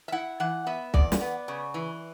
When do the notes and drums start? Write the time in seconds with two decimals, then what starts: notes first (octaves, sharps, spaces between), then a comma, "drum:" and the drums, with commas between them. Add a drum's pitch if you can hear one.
0.08 E5
0.12 E4 F#5
0.40 E3 F#5
0.67 B3 E5
0.94 E2 D5, drum: kick
1.12 drum: snare
1.21 B3
1.48 C#3
1.74 E3